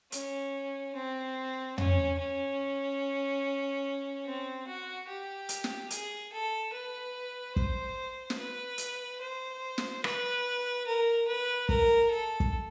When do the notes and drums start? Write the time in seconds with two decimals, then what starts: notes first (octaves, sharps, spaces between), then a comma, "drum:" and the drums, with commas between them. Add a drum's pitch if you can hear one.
0.12 C#4, drum: hi-hat
0.95 C4
1.78 C#4, drum: tom
2.19 C#4
4.26 C4
4.67 F#4
5.09 G4
5.49 drum: hi-hat
5.64 drum: snare
5.90 G#4, drum: hi-hat
6.32 A4
6.73 B4
7.56 C5, drum: kick
8.30 drum: snare
8.39 B4
8.78 drum: hi-hat
9.21 C5
9.78 drum: snare
10.04 B4, drum: rim click
10.87 A#4
11.27 B4
11.69 A#4, drum: kick
12.11 A4
12.40 drum: kick